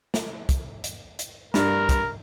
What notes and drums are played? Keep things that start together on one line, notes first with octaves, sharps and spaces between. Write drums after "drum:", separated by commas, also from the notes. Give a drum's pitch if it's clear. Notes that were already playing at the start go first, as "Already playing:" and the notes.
drum: snare
drum: kick, hi-hat
drum: hi-hat
drum: hi-hat
G2 A#4, drum: snare
drum: kick, hi-hat